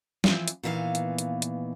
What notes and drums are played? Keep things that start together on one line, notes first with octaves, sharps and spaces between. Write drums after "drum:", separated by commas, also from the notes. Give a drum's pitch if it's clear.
E3 F3 C4, drum: snare
drum: hi-hat
A#2 D#3 E3 B3 F5
drum: hi-hat
drum: hi-hat
drum: hi-hat